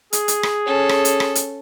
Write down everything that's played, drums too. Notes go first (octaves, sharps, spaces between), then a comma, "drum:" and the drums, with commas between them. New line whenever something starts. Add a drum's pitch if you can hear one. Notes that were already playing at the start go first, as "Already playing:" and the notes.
G#4, drum: hi-hat
drum: hi-hat
drum: rim click
C#4 A4
drum: rim click
drum: hi-hat
drum: rim click
drum: hi-hat